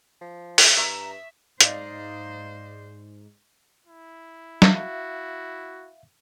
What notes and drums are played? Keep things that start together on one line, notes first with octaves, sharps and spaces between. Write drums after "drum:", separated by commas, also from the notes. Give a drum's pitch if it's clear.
F3
drum: open hi-hat
G2 E5 A#5
G#2 D#4 C5 D5 D#5 F5, drum: hi-hat
E4
F#4 E5 F5, drum: snare